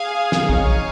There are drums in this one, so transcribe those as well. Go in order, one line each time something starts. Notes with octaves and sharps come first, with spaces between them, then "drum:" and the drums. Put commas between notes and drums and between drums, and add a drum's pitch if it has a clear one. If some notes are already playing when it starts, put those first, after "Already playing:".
Already playing: G#4 F5 G#5
drum: snare
D#4 C#5 F5 G#5, drum: kick